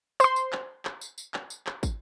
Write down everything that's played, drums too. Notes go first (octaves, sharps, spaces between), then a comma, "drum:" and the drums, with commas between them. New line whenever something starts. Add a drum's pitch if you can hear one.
C5 C6, drum: tambourine
drum: tambourine
drum: clap
drum: clap
drum: tambourine
drum: tambourine
drum: clap
drum: tambourine
drum: clap
drum: kick, tambourine